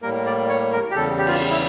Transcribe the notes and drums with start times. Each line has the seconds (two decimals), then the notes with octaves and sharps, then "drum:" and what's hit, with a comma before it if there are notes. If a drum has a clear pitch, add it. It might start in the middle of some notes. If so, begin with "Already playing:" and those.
0.02 A2 G3 A#3 A#4
0.26 D5
0.49 C#5
0.73 A#4
0.91 G4
0.96 E2 C#3 G3 A4
1.18 G4
1.27 F4, drum: cymbal
1.50 E4